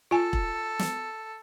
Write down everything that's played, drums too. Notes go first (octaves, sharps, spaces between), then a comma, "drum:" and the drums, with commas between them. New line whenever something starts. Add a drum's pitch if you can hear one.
F4 A4 G#5
drum: kick E1
drum: snare